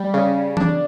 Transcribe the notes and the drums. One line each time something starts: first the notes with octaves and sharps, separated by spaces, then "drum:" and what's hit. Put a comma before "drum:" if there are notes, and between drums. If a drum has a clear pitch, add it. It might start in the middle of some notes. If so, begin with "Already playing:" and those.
Already playing: G3
C#3
D4, drum: tom E3